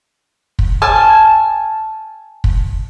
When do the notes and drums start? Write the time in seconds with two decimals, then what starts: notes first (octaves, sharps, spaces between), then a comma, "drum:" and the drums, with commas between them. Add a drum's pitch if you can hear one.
0.59 drum: kick
0.82 G#5 A5 F6
2.44 drum: kick